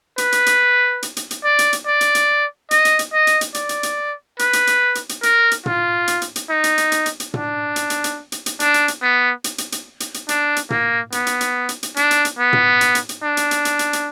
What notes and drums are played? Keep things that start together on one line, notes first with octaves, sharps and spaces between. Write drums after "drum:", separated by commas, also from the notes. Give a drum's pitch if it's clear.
B4, drum: hi-hat
drum: hi-hat
drum: hi-hat
drum: hi-hat
drum: hi-hat
drum: hi-hat
D5
drum: hi-hat
drum: hi-hat
D5
drum: hi-hat
drum: hi-hat
D#5, drum: hi-hat
drum: hi-hat
drum: hi-hat
D#5
drum: hi-hat
drum: hi-hat
D5, drum: hi-hat
drum: hi-hat
drum: hi-hat
B4, drum: hi-hat
drum: hi-hat
drum: hi-hat
drum: hi-hat
drum: hi-hat
A#4, drum: hi-hat
drum: hi-hat
F4, drum: tom
drum: hi-hat
drum: hi-hat
drum: hi-hat
D#4
drum: hi-hat
drum: hi-hat
drum: hi-hat
drum: hi-hat
drum: hi-hat
D4, drum: tom
drum: hi-hat
drum: hi-hat
drum: hi-hat
drum: hi-hat
drum: hi-hat
D4, drum: hi-hat
drum: hi-hat
drum: hi-hat
B3
drum: hi-hat
drum: hi-hat
drum: hi-hat
drum: hi-hat
drum: hi-hat
D4, drum: hi-hat
drum: hi-hat
A#3, drum: tom
B3, drum: hi-hat
drum: hi-hat
drum: hi-hat
drum: hi-hat
drum: hi-hat
D4, drum: hi-hat
drum: hi-hat
drum: hi-hat
B3
drum: tom
drum: hi-hat
drum: hi-hat
drum: hi-hat
D4
drum: hi-hat
drum: hi-hat
drum: hi-hat
drum: hi-hat
drum: hi-hat